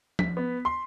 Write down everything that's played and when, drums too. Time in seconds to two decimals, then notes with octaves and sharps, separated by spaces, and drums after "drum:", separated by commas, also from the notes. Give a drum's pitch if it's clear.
0.19 B6, drum: tom F3
0.37 B3
0.65 C6